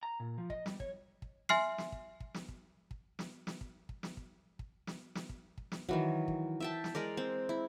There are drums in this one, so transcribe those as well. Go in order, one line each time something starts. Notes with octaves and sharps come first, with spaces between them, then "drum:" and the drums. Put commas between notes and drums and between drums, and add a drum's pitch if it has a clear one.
A#5
A#2
F3
D#5, drum: kick
G3, drum: snare
C#5, drum: kick
drum: kick
E5 G#5 C6 F6 C7, drum: snare
drum: snare
drum: kick
drum: kick
drum: snare
drum: kick
drum: kick
drum: snare
drum: snare
drum: kick
drum: kick
drum: snare
drum: kick
drum: kick
drum: snare
drum: snare
drum: kick
drum: kick
drum: snare
D#3 E3 F#3, drum: kick
drum: kick
E5 G5 A5
drum: snare
G#3 A#4 D5
C4
E4